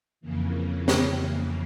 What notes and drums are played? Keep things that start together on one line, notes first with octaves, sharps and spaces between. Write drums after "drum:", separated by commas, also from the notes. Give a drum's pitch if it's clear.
F2 C#3 E3 A#3
drum: snare